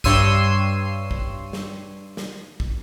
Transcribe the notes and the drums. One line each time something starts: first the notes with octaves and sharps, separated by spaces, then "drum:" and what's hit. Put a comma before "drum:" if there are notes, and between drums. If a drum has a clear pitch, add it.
G2 C#5 C6 E6 C7 D#7, drum: kick
drum: kick
drum: snare
drum: snare
drum: kick